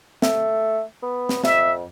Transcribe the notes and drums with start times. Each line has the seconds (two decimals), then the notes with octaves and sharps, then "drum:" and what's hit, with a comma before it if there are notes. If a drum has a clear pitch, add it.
0.22 A3, drum: snare
1.02 B3
1.29 drum: snare
1.44 F2 E5, drum: snare